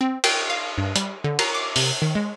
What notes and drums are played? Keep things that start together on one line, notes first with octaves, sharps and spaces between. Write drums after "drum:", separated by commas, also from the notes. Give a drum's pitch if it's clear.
C4
G5, drum: cymbal
F5
G2
G3, drum: hi-hat
D3
A#5, drum: cymbal
D6
C3, drum: open hi-hat
D#3
G#3